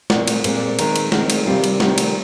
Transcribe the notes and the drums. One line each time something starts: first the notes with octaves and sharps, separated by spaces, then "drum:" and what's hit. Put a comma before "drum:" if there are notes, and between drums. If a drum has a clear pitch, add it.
A#2 G#3 C4 D5, drum: snare
drum: cymbal
A#2 G#3 C4 C5, drum: cymbal
D5
D5
D#3 G#3 C4 A#4, drum: cymbal
drum: cymbal
D#3 G#3 C4, drum: snare
drum: cymbal
C3 D#3 G3 C4 F4
drum: cymbal
C3 D#3 G3 C4 D#4, drum: snare
drum: cymbal